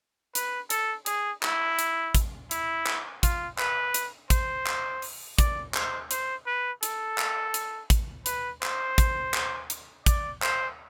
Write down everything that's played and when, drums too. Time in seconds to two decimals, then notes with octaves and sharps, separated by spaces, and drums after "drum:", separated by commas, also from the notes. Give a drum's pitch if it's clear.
0.35 B4, drum: hi-hat
0.70 A4, drum: hi-hat
1.06 G#4, drum: hi-hat
1.43 E4, drum: clap
1.79 drum: hi-hat
2.15 drum: kick, hi-hat
2.51 E4, drum: hi-hat
2.86 drum: clap
3.23 F4, drum: kick, hi-hat
3.59 B4, drum: clap
3.94 drum: hi-hat
4.30 C5, drum: kick, hi-hat
4.66 drum: clap
5.02 drum: open hi-hat
5.38 D5, drum: kick, hi-hat
5.74 C5, drum: clap
6.11 C5, drum: hi-hat
6.47 B4
6.83 A4, drum: hi-hat
7.18 drum: clap
7.54 drum: hi-hat
7.90 drum: kick, hi-hat
8.26 B4, drum: hi-hat
8.63 C5, drum: clap
8.98 drum: kick, hi-hat
9.34 drum: clap
9.70 drum: hi-hat
10.06 D5, drum: kick, hi-hat
10.42 C5, drum: clap